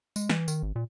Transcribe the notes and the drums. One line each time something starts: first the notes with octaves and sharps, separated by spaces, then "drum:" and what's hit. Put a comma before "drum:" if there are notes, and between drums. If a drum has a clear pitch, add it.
G#3, drum: tambourine
E3, drum: snare
D#3, drum: tambourine
G#1
A#2